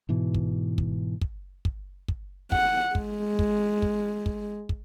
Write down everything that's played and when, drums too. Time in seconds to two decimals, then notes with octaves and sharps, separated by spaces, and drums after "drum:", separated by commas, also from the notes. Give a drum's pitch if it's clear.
0.09 G#2 B2 E3
0.34 drum: kick
0.78 drum: kick
1.21 drum: kick
1.65 drum: kick
2.08 drum: kick
2.52 F#5, drum: kick
2.95 G#3, drum: kick
3.39 drum: kick
3.82 drum: kick
4.26 drum: kick
4.69 drum: kick